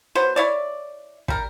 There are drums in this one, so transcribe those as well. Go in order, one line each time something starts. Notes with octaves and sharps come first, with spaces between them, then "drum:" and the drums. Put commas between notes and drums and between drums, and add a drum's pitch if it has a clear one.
F#3 B3 C5
E4 C#5 D5
G3 A#4, drum: kick